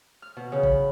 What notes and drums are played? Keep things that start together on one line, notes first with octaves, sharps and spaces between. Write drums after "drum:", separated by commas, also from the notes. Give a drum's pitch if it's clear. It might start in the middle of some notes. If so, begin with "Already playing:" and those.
F6
B2
C#3
B5, drum: kick G1